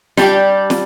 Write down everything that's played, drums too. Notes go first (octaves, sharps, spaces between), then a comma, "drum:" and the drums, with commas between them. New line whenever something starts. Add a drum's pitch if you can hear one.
G3 D4 G4, drum: snare
drum: snare